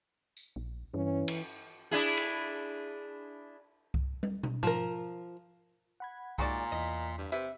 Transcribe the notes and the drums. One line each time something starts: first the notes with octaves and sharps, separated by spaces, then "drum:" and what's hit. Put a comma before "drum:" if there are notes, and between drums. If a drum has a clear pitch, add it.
drum: tambourine
A#1
G2 E3 C#4
drum: cymbal
D4 E4 G#4
drum: cymbal
drum: kick C2
drum: tom
drum: tom
F3 A#4, drum: tom G#2
F#5 B5 G#6
A#2 G#3 D#4 F#4 G#4 D5 G#5, drum: kick C2
E2 E3 D#5 B6
G2
C3 B4 E5